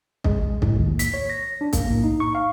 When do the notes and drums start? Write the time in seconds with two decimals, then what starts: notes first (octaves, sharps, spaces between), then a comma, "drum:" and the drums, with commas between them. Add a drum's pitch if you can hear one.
0.24 G#3, drum: kick
0.62 A2, drum: kick
0.77 D#2
0.99 B6, drum: hi-hat
1.14 C#5
1.30 A#6
1.61 D4
1.73 A#3, drum: kick, hi-hat
1.90 A2
2.04 D#4
2.20 C#6
2.35 F5